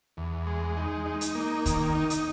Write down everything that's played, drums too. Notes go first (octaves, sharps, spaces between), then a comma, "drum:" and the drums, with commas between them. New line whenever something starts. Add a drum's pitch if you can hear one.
E2
G#3
D#4
D#4
drum: hi-hat
A#3
D#3, drum: kick, hi-hat
D#4
drum: hi-hat